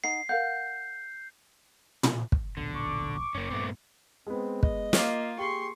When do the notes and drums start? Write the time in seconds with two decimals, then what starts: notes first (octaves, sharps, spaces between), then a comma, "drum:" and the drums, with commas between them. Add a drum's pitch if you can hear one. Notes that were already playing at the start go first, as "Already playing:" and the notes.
0.04 D#4 D#5 F#5 C7
0.29 A#4 F5 F#5 G6
2.03 drum: tom
2.32 drum: kick
2.57 D1 A#1 B2 D3
2.75 C#6 D6
3.35 F#1 A#3 C#4
3.50 G2 A#2 A3 B3 C4
4.27 G#3 B3 C4
4.63 D#5, drum: kick
4.93 A#3 F4 D6 F6, drum: snare
5.38 G4 G#4 C6 C#6